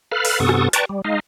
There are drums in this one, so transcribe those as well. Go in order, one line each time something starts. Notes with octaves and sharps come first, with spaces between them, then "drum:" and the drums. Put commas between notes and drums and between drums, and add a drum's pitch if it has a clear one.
A4 B4 F5 B5 F6
drum: open hi-hat
G2 C3 B3 A4 C#6 D#6
drum: rim click
B4 D5 G5 A5 A#5 C#6, drum: hi-hat
G3
G#3 D#4 D#5 F5